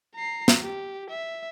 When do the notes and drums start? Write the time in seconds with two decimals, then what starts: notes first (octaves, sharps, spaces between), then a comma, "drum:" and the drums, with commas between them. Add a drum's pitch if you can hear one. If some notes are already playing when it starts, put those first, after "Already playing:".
0.15 A#5 C7
0.48 drum: snare
0.62 G4
1.09 E5